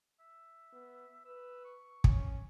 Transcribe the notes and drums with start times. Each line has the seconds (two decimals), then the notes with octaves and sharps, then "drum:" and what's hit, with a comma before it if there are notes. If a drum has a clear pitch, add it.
0.20 E5
0.73 B3
1.25 B4 E6
1.65 C#6
2.04 C#4, drum: kick